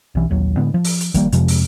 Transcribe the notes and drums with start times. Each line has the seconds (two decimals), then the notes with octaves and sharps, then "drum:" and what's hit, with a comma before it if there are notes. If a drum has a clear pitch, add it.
0.15 B1 E3
0.30 A#1 D#2 F#3
0.57 A2 D3 G#3 B3
0.74 F3
0.85 drum: open hi-hat
1.00 drum: hi-hat
1.14 D#3 F3 G3 A#3, drum: kick, hi-hat
1.32 F2 C3 F3 G#3, drum: hi-hat
1.48 drum: open hi-hat